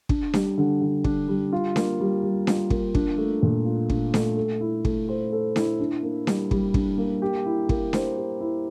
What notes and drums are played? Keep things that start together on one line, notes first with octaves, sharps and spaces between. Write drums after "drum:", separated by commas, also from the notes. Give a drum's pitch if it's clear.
D4, drum: kick
G3, drum: snare D4
D3
D3
D4, drum: kick
G3
F4
A#3, drum: snare D4
G3
G3
F4, drum: snare D4
A#3, drum: kick
D4, drum: kick
A3
A#2
F4
D4, drum: kick
A3, drum: snare D4
A4
E4
A3, drum: kick
C5
A4
E4, drum: snare D4
D4
A#3
G3, drum: snare D4
G3, drum: kick
D4, drum: kick
A#3
G4
E4
A#3, drum: kick
C5, drum: snare D4
G4
E4